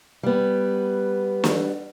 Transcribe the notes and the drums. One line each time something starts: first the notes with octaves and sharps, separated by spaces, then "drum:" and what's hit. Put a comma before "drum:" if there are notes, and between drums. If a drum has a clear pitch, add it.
G3 B3
drum: snare